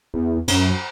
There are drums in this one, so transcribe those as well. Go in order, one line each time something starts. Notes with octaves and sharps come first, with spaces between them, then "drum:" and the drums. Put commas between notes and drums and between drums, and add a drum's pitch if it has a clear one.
E2
F#2, drum: cymbal